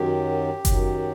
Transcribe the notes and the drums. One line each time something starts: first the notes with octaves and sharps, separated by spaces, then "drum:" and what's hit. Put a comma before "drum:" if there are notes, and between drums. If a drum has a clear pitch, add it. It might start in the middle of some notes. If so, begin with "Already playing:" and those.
Already playing: F#2 D#3 F#3 G4
F#2 D#3 F#3, drum: kick F#1, hi-hat